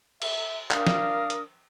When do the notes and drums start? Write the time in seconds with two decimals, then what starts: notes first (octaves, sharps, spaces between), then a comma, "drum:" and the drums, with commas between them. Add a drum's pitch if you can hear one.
0.22 E5, drum: cymbal
0.71 D4 A#4 F5 D#6, drum: clap
0.87 drum: snare
1.30 drum: hi-hat